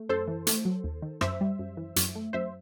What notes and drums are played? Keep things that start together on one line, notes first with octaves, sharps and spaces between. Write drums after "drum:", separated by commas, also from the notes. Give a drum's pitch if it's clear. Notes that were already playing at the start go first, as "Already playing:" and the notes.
Already playing: A3
F#2 A4 C5
E3
A3, drum: hi-hat
F#3
D#2
D#3
F#2 C5 E5, drum: rim click
G3
F#2
E3
F#2, drum: hi-hat
A3
F#2 C5 E5